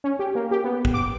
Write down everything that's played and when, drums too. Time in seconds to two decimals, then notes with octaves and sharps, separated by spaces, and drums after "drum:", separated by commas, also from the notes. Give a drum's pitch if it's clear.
0.04 C#4
0.19 G4
0.35 A#3
0.51 G4
0.64 B3
0.85 drum: kick
0.94 D6